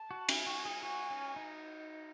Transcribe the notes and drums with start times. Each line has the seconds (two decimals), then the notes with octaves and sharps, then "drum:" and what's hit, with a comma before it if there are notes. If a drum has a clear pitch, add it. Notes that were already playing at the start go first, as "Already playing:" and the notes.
Already playing: A5
0.11 F#4
0.29 E4 G#5, drum: cymbal
0.47 F#4
0.65 G#4
0.83 F#4 G#5
1.10 C#4
1.36 D#4